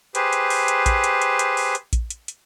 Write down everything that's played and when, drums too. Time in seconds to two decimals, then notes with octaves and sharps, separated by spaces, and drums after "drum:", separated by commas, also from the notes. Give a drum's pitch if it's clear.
0.15 G4 G#4 B4 C5, drum: hi-hat
0.33 drum: hi-hat
0.50 drum: open hi-hat
0.68 drum: hi-hat
0.86 drum: kick A#1, hi-hat
1.04 drum: hi-hat
1.22 drum: hi-hat
1.39 drum: hi-hat
1.57 drum: open hi-hat
1.75 drum: hi-hat
1.93 drum: kick A#1, hi-hat
2.10 drum: hi-hat
2.28 drum: hi-hat